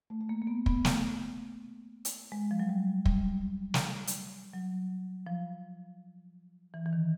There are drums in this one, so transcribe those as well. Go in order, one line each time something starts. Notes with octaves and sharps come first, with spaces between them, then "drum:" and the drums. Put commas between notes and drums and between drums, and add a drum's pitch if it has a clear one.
A3
A3
A#3
A#3
B3
B3, drum: kick
A3, drum: snare
drum: hi-hat
G#3
F3
F#3
G3
G3, drum: kick
drum: snare
drum: hi-hat
F#3
F3
E3
E3
D#3